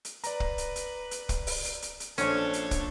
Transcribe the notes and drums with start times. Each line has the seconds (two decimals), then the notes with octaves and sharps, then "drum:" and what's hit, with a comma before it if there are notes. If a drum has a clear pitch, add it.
0.05 drum: hi-hat
0.24 B4 D5 A#5, drum: hi-hat
0.40 drum: kick
0.58 drum: hi-hat
0.76 drum: hi-hat
1.11 drum: hi-hat
1.29 drum: kick, hi-hat
1.47 drum: open hi-hat
1.65 drum: hi-hat
1.82 drum: hi-hat
2.00 drum: hi-hat
2.18 A#1 C#4 D4 A4 C5 C#5, drum: hi-hat
2.53 drum: hi-hat
2.71 drum: kick, hi-hat